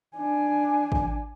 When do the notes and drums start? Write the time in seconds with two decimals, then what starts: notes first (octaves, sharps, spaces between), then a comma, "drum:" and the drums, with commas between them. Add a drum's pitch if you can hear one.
0.17 D4 G#5
0.92 drum: kick